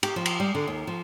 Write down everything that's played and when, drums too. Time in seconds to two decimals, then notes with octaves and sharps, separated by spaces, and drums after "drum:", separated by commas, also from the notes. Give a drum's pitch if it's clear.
0.03 G4, drum: cymbal
0.16 F3
0.26 drum: cymbal
0.40 G3
0.55 D3
0.67 D#2
0.87 F3